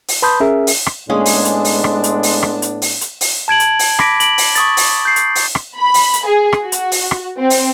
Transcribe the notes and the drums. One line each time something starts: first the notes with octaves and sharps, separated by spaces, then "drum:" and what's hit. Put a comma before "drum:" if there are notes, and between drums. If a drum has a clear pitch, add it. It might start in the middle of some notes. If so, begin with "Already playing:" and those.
drum: open hi-hat
B4 A5 B5 C6 D#6 G6
C#4 G#4 A#4 E5
drum: open hi-hat
drum: rim click
A2 G#3 A#3 B3 C#4 D4 G#4
drum: open hi-hat
drum: hi-hat
drum: open hi-hat
drum: rim click
drum: hi-hat
drum: open hi-hat
drum: rim click
drum: hi-hat
drum: open hi-hat
drum: hi-hat
drum: open hi-hat
A5 G#6 D7 F#7
drum: hi-hat
drum: open hi-hat
B5 D6 A#6 B6 D7, drum: rim click
D7 F#7, drum: hi-hat
drum: open hi-hat
C#6 D#6 A6, drum: hi-hat
drum: open hi-hat
G6 C7
drum: hi-hat
drum: open hi-hat
drum: rim click
B5
drum: open hi-hat
drum: hi-hat
G#4
drum: rim click
F#4
drum: hi-hat
drum: open hi-hat
drum: rim click
C4
drum: open hi-hat